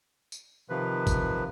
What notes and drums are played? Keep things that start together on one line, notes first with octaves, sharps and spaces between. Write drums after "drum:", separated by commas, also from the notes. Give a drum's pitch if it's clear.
drum: tambourine
C3 D#3 F3 B4
drum: kick, tambourine